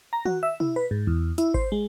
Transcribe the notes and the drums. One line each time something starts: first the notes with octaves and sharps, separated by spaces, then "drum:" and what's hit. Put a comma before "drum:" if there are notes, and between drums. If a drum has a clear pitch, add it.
A#5
F#4, drum: tom
E5
E4, drum: tom
B4
G#2
E2
E4, drum: hi-hat
C5, drum: kick G#1
G#3